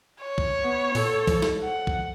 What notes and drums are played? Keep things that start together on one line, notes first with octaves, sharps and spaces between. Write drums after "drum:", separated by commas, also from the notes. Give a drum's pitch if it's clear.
C#5
drum: kick B1
B3
A#2 A4, drum: open hi-hat
F3, drum: kick B1, open hi-hat
drum: snare
F#5
drum: kick B1